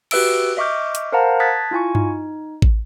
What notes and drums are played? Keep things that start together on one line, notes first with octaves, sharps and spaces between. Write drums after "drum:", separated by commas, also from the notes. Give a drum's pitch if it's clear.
F#4 G4 B4 E5 E6 D7, drum: cymbal
D#5 E5 C#6 D6 F6 G6
drum: hi-hat
A#4 C5 F5 F#5 A5 A#5
A5 D#6 F#6 G#6 A6 B6
E4 F4 G#5 C#6
D#4, drum: tom G2
drum: kick